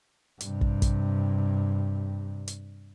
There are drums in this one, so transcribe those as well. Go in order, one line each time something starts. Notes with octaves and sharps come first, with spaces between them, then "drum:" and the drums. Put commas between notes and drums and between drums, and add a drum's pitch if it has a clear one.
G2 C3, drum: hi-hat
drum: kick
drum: kick, hi-hat
drum: hi-hat